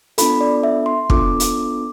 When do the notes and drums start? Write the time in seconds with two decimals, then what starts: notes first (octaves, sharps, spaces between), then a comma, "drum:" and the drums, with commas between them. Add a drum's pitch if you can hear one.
0.18 B3 D4 F4 A4 B5, drum: hi-hat
0.41 D5
0.63 E5
0.86 C6
1.10 B3 D4 F4 A4 D6, drum: kick
1.40 drum: hi-hat